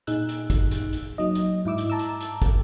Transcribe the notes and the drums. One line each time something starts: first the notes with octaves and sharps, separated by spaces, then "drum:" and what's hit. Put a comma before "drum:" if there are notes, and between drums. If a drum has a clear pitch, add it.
A#2 D#4 G#4 E6 F#6, drum: hi-hat
drum: hi-hat
drum: kick, hi-hat
drum: hi-hat
drum: hi-hat
F#3 A#3 D#4 D#5
drum: hi-hat
G#2 E4 D6 E6
drum: hi-hat
A5 A#5 D6 E6
drum: hi-hat
drum: hi-hat
drum: kick, hi-hat